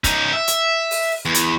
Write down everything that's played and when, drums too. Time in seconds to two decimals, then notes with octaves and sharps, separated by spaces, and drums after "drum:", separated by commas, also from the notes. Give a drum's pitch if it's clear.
0.04 C#4 D#4, drum: kick, hi-hat
0.33 E5
0.48 drum: hi-hat
0.91 drum: open hi-hat
1.25 E2
1.34 drum: hi-hat